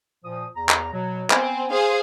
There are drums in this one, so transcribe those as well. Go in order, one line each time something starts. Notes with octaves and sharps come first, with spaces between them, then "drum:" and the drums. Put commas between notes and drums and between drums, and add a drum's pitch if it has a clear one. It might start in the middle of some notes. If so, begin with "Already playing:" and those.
A#2 F3 D#6
E2 A#5
drum: clap
B2 F#3
B3 C4 G#5, drum: clap
G#4 C5 F5